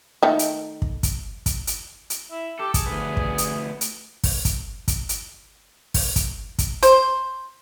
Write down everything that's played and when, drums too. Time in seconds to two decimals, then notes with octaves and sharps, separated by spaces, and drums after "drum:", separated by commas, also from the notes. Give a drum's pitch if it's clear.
0.23 D#3 A3
0.39 drum: hi-hat
0.82 drum: kick
1.03 drum: kick, hi-hat
1.46 drum: kick, hi-hat
1.67 drum: hi-hat
2.10 drum: hi-hat
2.31 E4
2.60 G4 A4
2.74 G#4, drum: kick, hi-hat
2.87 D2 B3
3.17 drum: kick
3.38 drum: hi-hat
3.81 drum: hi-hat
4.24 drum: kick, open hi-hat
4.45 drum: kick, hi-hat
4.88 drum: kick, hi-hat
5.09 drum: hi-hat
5.94 drum: kick, open hi-hat
6.16 drum: kick, hi-hat
6.59 drum: kick, hi-hat
6.83 C5, drum: hi-hat